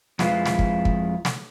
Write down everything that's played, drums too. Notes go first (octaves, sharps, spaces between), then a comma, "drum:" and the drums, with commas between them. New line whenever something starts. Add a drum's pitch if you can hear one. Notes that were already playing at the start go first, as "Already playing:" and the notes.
F2 G#3 E4 F4 B4 F5, drum: snare
drum: snare
drum: kick
drum: kick
drum: snare